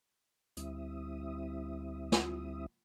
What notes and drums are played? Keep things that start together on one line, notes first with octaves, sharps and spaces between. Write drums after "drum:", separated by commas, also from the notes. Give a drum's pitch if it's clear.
D2 G3 C4 E4 E5 D#6, drum: hi-hat
drum: snare